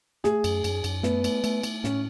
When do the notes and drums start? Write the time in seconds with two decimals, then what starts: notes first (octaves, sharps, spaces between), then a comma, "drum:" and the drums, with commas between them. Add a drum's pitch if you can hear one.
0.24 A3 G#4, drum: snare
0.44 F#2, drum: cymbal
0.64 F#2, drum: cymbal
0.84 F#2, drum: cymbal
1.03 A3 B3, drum: snare
1.24 A3, drum: cymbal
1.44 A3, drum: cymbal
1.63 A3, drum: cymbal
1.84 A2 C#4, drum: snare